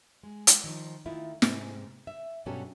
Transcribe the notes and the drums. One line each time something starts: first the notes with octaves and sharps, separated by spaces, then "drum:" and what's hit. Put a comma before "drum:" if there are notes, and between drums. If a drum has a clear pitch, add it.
G#3
drum: hi-hat
D#3 F3
D#3 A3 E4 F4
G#2 C3 G#3, drum: snare
E5
G2 B2 F#3 C#4 G4 A4